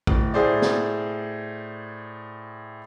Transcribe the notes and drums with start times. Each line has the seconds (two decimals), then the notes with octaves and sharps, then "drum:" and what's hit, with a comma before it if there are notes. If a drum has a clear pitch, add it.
0.07 D1, drum: kick A1
0.34 A2 G#4 C5 D5
0.62 drum: snare